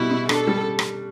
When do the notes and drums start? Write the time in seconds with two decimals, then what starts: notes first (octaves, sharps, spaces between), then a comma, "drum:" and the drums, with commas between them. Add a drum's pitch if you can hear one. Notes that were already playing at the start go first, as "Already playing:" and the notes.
Already playing: B2 G3 E4
0.11 B2
0.29 D4 A4, drum: rim click
0.47 G3
0.79 drum: rim click